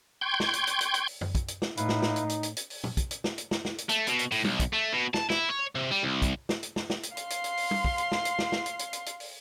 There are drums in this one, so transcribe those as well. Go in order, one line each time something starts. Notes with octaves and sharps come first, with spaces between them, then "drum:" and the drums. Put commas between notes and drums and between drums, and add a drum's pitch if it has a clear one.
G5 C6 C#6 G6 G#6
drum: snare
drum: hi-hat
drum: hi-hat
drum: hi-hat
drum: hi-hat
drum: open hi-hat
drum: tom F#2
drum: kick, hi-hat
drum: hi-hat
drum: snare
A2 D#4 E4 B4 F5, drum: hi-hat
drum: snare
drum: snare
drum: hi-hat
drum: hi-hat
drum: hi-hat
drum: hi-hat
drum: open hi-hat
drum: tom A#2
drum: kick, hi-hat
drum: hi-hat
drum: snare
drum: hi-hat
drum: snare
drum: snare
drum: hi-hat
A3, drum: hi-hat
B2, drum: hi-hat
drum: hi-hat
A2, drum: open hi-hat
B1, drum: tom
drum: kick, hi-hat
A3
B2
A5, drum: snare
E4, drum: snare
C#5
C3
G3
C2
drum: kick, hi-hat
drum: snare
drum: hi-hat
drum: snare
drum: snare
drum: hi-hat
F5 C6, drum: hi-hat
drum: hi-hat
drum: hi-hat
drum: open hi-hat
drum: tom
drum: kick
drum: hi-hat
drum: snare
drum: hi-hat
drum: snare
drum: snare
drum: hi-hat
drum: hi-hat
drum: hi-hat
drum: hi-hat
drum: open hi-hat